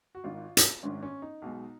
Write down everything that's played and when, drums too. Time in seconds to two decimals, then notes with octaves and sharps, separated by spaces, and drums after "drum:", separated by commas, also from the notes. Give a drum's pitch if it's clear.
0.15 F#4
0.24 G#1 G#2 D#3 F4
0.57 drum: hi-hat
0.83 G#1 G#2 D#3 C#4
1.03 C#4
1.22 D#4
1.42 B1 B2 G#3